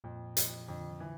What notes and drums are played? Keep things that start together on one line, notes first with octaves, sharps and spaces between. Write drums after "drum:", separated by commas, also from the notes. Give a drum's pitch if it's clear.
F2 A#2
F2, drum: hi-hat
F2 D3
D3
E3